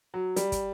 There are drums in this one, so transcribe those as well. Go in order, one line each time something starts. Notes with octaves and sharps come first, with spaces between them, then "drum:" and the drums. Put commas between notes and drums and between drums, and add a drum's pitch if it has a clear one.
F#3
G3, drum: hi-hat
drum: kick, hi-hat